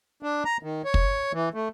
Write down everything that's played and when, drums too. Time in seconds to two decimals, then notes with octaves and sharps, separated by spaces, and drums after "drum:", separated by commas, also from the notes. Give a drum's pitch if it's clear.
0.23 D4
0.45 A#5
0.63 D#3
0.85 C#5
0.94 drum: kick
1.33 E3
1.54 A3